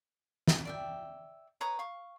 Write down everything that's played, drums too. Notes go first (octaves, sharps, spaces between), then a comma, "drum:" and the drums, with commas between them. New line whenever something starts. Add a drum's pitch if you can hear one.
drum: snare
D5 E5 G5
B4 C#5 A#5 D#6
F5 C#6